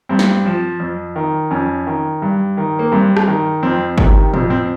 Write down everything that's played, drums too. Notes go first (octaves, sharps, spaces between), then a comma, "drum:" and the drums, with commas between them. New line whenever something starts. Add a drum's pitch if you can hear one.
G2 C4
drum: snare
F3
F2
D#3
F2 C#4
D#3
G2
D#3
A#3
G2 C4
drum: rim click
D#3
F2 C4
C3 D#3, drum: kick G1
F2 C4, drum: tom
C4